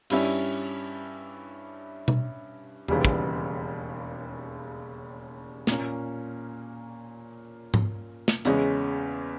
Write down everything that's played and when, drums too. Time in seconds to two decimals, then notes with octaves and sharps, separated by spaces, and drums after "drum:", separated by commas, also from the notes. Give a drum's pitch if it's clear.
0.10 G2 G3 C#4 E4, drum: cymbal
2.08 drum: tom B2
2.88 E1 D#2 C#3 E3 G3, drum: tom E2
3.05 drum: kick
5.67 A#2 A#3 C#4, drum: snare
7.74 drum: tom G#2
8.28 drum: snare
8.45 E2 C#3 G#3 C#4, drum: hi-hat